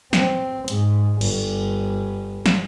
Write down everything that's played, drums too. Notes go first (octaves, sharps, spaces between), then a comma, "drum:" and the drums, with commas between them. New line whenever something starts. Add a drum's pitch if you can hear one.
C4, drum: snare
G#2, drum: hi-hat
G1, drum: cymbal
drum: snare